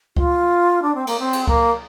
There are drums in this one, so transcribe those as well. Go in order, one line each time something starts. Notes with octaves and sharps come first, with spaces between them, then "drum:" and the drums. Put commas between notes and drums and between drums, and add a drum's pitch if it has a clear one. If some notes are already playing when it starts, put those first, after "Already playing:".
F4, drum: kick C#2
D4
C4
A#3, drum: cymbal
C4
drum: cymbal
A#3, drum: kick C#2